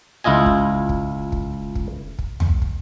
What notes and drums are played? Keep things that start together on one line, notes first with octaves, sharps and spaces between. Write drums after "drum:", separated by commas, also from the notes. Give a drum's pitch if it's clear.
C#2 E4 F4 D#5 G#5
drum: kick
drum: kick
drum: kick
drum: kick
drum: kick
drum: tom
drum: kick